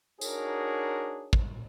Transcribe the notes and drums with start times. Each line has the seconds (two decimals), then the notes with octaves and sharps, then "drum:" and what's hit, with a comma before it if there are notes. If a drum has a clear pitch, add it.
0.21 D4 D#4 F#4 G#4 A#4 C#5, drum: tambourine
1.33 drum: kick